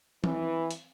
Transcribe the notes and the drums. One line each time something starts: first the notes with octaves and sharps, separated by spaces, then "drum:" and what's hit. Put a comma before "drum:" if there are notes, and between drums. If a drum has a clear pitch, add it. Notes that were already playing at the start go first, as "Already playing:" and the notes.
E3, drum: tom E3
drum: hi-hat